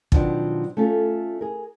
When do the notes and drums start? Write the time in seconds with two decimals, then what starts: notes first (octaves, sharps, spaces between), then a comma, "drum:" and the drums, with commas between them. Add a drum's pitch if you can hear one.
0.12 B2 D#3 F3 F#3 C4 D4, drum: kick
0.77 A3 C#4 F4 A4
1.41 G#4 A#4